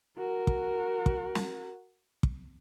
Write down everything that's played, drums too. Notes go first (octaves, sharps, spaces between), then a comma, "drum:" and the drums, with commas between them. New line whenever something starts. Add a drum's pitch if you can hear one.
F#4 A#4
drum: kick
drum: kick
drum: snare
drum: kick